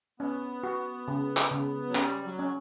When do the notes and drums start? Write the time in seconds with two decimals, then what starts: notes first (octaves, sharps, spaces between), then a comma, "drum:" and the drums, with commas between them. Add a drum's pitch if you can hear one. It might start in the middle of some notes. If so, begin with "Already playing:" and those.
0.20 B3 C#4
0.63 F#4
1.08 C#3
1.37 drum: clap
1.51 C#3
1.89 F#3
1.95 G3 C#4, drum: clap
2.25 F#3
2.39 C#4